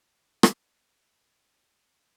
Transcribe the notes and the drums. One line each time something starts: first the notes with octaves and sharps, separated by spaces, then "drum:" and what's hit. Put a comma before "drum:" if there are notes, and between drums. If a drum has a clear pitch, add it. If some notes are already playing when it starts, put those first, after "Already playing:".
F#4 A#4
drum: rim click